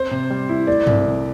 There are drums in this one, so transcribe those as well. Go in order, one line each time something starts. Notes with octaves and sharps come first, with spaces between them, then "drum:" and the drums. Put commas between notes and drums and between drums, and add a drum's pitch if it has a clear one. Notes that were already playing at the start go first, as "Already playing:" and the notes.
Already playing: C4 C5
C3
G3
E4
A3 D5
C2, drum: tom G2
C3